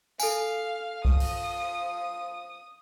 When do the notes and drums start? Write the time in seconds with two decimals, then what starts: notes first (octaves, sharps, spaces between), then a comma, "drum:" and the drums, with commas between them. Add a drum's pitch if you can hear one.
0.20 A4 F5 G#5, drum: tambourine
1.05 F3 D#6, drum: kick C2
1.20 drum: open hi-hat